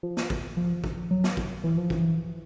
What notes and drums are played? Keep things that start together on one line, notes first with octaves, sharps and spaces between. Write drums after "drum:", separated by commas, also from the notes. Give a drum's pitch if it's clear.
F3
drum: snare
drum: kick
F3
drum: kick
F#3
drum: snare
drum: kick
E3
F3
E3, drum: kick